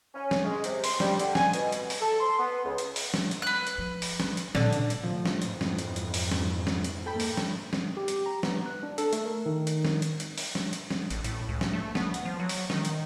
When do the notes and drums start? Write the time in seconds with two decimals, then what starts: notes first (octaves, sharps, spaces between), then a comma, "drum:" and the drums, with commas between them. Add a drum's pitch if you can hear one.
0.14 C#4
0.31 drum: snare
0.44 G#3
0.64 C3, drum: hi-hat
0.84 C6, drum: open hi-hat
1.00 G3, drum: snare
1.19 D3, drum: hi-hat
1.35 G#5, drum: snare
1.53 B2, drum: hi-hat
1.72 drum: hi-hat
1.90 drum: open hi-hat
2.01 A4
2.20 C6
2.39 B3
2.65 C#2
2.78 drum: hi-hat
2.96 drum: open hi-hat
3.14 drum: snare
3.31 drum: hi-hat
3.42 B4 F#6
3.67 drum: hi-hat
3.78 F3
4.02 drum: open hi-hat
4.20 drum: snare
4.37 drum: hi-hat
4.55 A#2 D3 C#4, drum: snare
4.73 drum: hi-hat
4.90 drum: hi-hat
5.04 A2 C3 F3
5.26 drum: snare
5.42 F2 G#2 E3, drum: hi-hat
5.61 drum: snare
5.78 drum: hi-hat
5.96 drum: hi-hat
6.14 drum: open hi-hat
6.31 drum: snare
6.67 drum: snare
6.84 drum: hi-hat
7.06 G#2 A#3 A4 G5 B5
7.20 drum: open hi-hat
7.37 drum: snare
7.73 drum: snare
7.97 G4
8.08 drum: hi-hat
8.26 A#5
8.43 B3, drum: snare
8.66 F#6
8.83 D4
8.98 A4, drum: hi-hat
9.13 A3, drum: hi-hat
9.25 A#4
9.46 D#3
9.67 drum: hi-hat
9.85 drum: snare
10.02 drum: hi-hat
10.20 drum: hi-hat
10.38 drum: open hi-hat
10.55 drum: snare
10.73 drum: hi-hat
10.91 drum: snare
11.10 A1, drum: hi-hat
11.24 A2, drum: hi-hat
11.49 C#2
11.61 drum: snare
11.74 A3
11.95 B3, drum: snare
12.14 drum: hi-hat
12.25 F3
12.40 F#3
12.49 drum: open hi-hat
12.70 D#3, drum: snare
12.85 drum: hi-hat